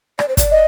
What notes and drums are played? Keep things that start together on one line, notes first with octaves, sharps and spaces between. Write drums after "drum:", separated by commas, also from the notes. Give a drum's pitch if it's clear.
D5, drum: rim click
C5
D5, drum: kick, hi-hat
D#5